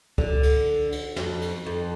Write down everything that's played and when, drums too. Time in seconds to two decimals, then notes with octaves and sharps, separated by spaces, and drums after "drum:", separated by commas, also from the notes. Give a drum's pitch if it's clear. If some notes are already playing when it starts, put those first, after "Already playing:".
0.18 D3, drum: kick C#2
0.43 drum: cymbal
0.92 drum: cymbal
1.16 F2, drum: snare
1.42 drum: cymbal
1.66 F2